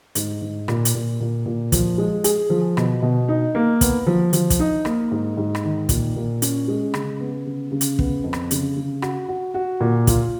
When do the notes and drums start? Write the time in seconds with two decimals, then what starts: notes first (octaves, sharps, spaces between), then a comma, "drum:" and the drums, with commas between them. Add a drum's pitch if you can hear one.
0.15 G#2, drum: hi-hat
0.42 G#2
0.68 A#2, drum: rim click
0.85 drum: hi-hat
0.94 A#2
1.20 A#2
1.46 A#2
1.72 F3, drum: kick, hi-hat
1.98 G#3
2.24 G#4, drum: hi-hat
2.50 F3
2.77 B2, drum: rim click
3.02 B2
3.28 D#4
3.55 A#3
3.81 B3, drum: kick, hi-hat
4.07 F3
4.33 F3, drum: hi-hat
4.50 drum: kick, hi-hat
4.60 D#4
4.85 A#3, drum: rim click
5.11 G#2
5.37 G#2
5.55 drum: rim click
5.64 D#3
5.89 A#2, drum: kick, hi-hat
6.16 A#2
6.42 C#4, drum: hi-hat
6.68 G#3
6.94 C#3, drum: rim click
7.20 B3
7.46 C#3
7.72 C#3
7.81 drum: hi-hat
7.99 B3, drum: kick
8.24 F2
8.33 drum: rim click
8.51 C#3, drum: hi-hat
8.76 C#3
9.02 F#4, drum: rim click
9.28 F#4
9.54 F#4
9.81 A#2
10.07 F4, drum: kick, hi-hat